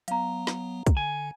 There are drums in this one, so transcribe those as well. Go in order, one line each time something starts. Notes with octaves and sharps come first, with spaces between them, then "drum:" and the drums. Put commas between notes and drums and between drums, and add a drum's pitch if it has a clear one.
F#3 B3 F5 A#5, drum: hi-hat
drum: snare
drum: kick, hi-hat
D3 G#5